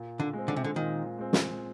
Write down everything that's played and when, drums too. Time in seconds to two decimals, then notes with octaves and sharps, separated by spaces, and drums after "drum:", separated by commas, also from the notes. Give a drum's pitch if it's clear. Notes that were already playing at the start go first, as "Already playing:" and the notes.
Already playing: A#2
0.20 D3
0.33 G#3 C4
0.48 D3
0.56 C3
0.64 D3
0.76 A#2 D#3
1.18 G#3 C4
1.33 drum: snare